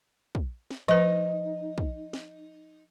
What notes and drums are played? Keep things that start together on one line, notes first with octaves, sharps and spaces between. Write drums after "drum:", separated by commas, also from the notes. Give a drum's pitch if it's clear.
drum: kick
drum: snare
F3 D#4 B4
drum: kick
drum: snare